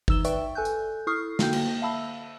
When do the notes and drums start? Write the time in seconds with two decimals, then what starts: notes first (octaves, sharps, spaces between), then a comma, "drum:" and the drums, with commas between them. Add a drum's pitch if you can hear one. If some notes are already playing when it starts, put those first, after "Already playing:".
0.08 E3 D#4 E6 E7 G7, drum: kick G1
0.25 B4 D5 E5 G5 C#6, drum: hi-hat
0.55 A4 G#5 F#6 G6
0.65 drum: tambourine
1.07 E4 A4 C#6 D#6 F6 C7
1.39 D3 A#3 F#4 G5 G6, drum: snare
1.53 drum: cymbal
1.82 E5 F5 A5 B5 E6